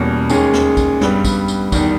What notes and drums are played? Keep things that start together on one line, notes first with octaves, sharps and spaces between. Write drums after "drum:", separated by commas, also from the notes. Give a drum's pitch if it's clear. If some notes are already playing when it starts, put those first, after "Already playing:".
Already playing: E2 B2 G3 A#3 C#4
D#2 D#3 G#3 C#4 G#4, drum: tambourine
drum: snare
drum: kick, tambourine
G2 G3 B3, drum: snare
drum: kick, tambourine
drum: tambourine
E2 D#3 G3, drum: kick, tambourine